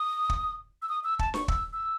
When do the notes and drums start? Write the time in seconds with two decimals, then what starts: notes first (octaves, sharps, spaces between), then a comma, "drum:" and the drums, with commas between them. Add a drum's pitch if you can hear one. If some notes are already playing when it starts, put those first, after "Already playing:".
Already playing: D#6
0.29 drum: kick
0.82 E6
0.89 D#6
1.04 E6
1.19 A5, drum: kick
1.34 C#6, drum: snare
1.48 E6, drum: kick
1.73 E6